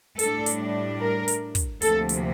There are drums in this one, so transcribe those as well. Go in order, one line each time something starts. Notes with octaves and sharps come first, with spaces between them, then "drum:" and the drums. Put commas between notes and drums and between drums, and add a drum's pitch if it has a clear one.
A2 G3 D4 A4, drum: hi-hat
drum: hi-hat
A#4
drum: hi-hat
drum: kick, hi-hat
D2 C3 F3 A#3 A4, drum: hi-hat
drum: hi-hat